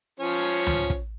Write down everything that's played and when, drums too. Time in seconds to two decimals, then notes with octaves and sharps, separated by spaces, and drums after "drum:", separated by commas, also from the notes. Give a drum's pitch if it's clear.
0.20 F3 C#4 C#5
0.43 drum: hi-hat
0.67 drum: tom
0.90 drum: kick, hi-hat